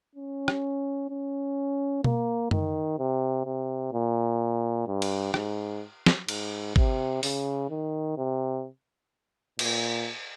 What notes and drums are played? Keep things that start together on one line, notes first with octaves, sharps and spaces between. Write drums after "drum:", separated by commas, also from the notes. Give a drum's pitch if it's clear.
C#4
drum: rim click
C#4
A#3, drum: tom B2
D#3, drum: tom F#2
C3
C3
A#2
G2
drum: cymbal
G#2, drum: rim click
drum: snare
G#2, drum: cymbal
C3, drum: kick
C#3, drum: open hi-hat
D#3
C3
A#2, drum: cymbal